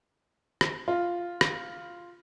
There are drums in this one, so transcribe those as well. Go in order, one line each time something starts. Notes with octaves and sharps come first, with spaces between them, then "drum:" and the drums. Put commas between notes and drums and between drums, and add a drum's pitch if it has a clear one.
drum: rim click
F4
drum: rim click